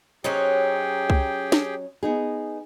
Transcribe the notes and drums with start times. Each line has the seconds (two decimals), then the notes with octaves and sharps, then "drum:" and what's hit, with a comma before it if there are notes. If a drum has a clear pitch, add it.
0.24 F#3 C#4 D#4 G4 G#4 C5 G5
1.10 drum: kick C2
1.52 drum: snare
2.03 B3 D#4 G#4